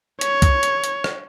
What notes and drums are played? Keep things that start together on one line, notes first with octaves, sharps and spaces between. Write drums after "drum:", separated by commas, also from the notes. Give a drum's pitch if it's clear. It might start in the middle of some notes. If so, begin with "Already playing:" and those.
C#5, drum: hi-hat
drum: kick C2, hi-hat
drum: hi-hat
drum: hi-hat
drum: rim click